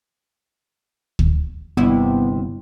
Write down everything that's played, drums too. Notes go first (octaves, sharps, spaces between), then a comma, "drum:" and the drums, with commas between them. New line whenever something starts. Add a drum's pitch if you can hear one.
drum: kick
G1 D#2 C3 B3 E4